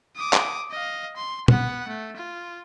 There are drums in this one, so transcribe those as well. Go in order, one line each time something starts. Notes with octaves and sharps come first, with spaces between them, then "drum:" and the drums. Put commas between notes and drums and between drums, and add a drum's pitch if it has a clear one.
D6 D#6
drum: clap
D#5 F5
C6
B3 F#5, drum: tom
A3
F4